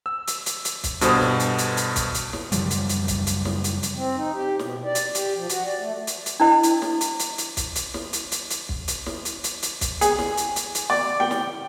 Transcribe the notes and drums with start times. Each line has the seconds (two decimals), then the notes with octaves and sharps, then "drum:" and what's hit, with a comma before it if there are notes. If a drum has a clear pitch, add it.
0.06 E6
0.27 drum: hi-hat
0.46 drum: hi-hat
0.65 drum: hi-hat
0.83 drum: kick, hi-hat
1.01 G2 B2 A4 C5 G#5 D#6, drum: hi-hat
1.21 drum: snare
1.40 drum: hi-hat
1.58 drum: hi-hat
1.77 drum: hi-hat
1.96 drum: kick, hi-hat
2.14 drum: hi-hat
2.33 drum: snare
2.52 F#2 C#3 F3 G3, drum: hi-hat
2.70 drum: hi-hat
2.89 drum: hi-hat
3.08 drum: kick, hi-hat
3.27 drum: hi-hat
3.45 drum: snare
3.64 drum: hi-hat
3.83 drum: hi-hat
3.95 C4
4.16 D#4
4.35 G4
4.59 B2, drum: snare
4.85 D5
4.95 drum: hi-hat
5.15 G4, drum: hi-hat
5.36 F3
5.49 F#4, drum: hi-hat
5.65 D5
5.80 A3
6.07 drum: hi-hat
6.26 drum: hi-hat
6.40 D4 E4 C5 D#5
6.63 drum: hi-hat
6.82 drum: snare
7.01 drum: hi-hat
7.19 drum: hi-hat
7.38 drum: hi-hat
7.57 drum: kick, hi-hat
7.75 drum: hi-hat
7.94 drum: snare
8.13 drum: hi-hat
8.32 drum: hi-hat
8.50 drum: hi-hat
8.69 drum: kick
8.88 drum: hi-hat
9.06 drum: snare
9.25 drum: hi-hat
9.44 drum: hi-hat
9.62 drum: hi-hat
9.81 drum: kick, hi-hat
10.01 G#4, drum: hi-hat
10.19 drum: snare
10.37 drum: hi-hat
10.56 drum: hi-hat
10.75 drum: hi-hat
10.90 D5
11.20 G5
11.31 drum: snare